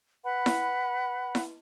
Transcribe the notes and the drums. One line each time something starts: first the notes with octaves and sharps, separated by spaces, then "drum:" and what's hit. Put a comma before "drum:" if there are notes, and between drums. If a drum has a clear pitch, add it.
B4 F#5 B5
drum: snare E4
drum: snare E4